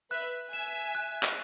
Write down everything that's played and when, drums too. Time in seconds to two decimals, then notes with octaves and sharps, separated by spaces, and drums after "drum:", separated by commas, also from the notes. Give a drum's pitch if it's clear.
0.11 B4 E5 F#6
0.53 E5 G#5 E7
0.95 F#6
1.23 drum: clap